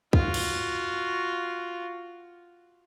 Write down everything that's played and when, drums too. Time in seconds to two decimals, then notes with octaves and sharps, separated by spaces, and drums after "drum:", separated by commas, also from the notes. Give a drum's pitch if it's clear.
0.13 F4 F#4, drum: kick
0.34 drum: cymbal